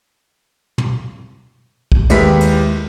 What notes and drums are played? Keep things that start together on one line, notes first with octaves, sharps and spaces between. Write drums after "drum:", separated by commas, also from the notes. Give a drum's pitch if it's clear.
drum: tom
drum: kick
D#2 G#3 E4 G4 B4 B6, drum: cymbal
drum: cymbal